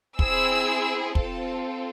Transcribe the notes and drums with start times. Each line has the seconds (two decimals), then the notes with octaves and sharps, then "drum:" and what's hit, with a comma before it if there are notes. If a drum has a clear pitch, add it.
0.19 C4 E4 G#4 E6, drum: kick
1.15 C4 F4 A4 A5, drum: kick